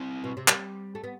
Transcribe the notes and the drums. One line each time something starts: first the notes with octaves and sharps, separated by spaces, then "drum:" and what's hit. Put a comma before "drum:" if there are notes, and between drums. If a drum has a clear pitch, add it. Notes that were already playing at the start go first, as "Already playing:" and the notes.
Already playing: C4 E4
B2
C3
G3, drum: clap
A3
B3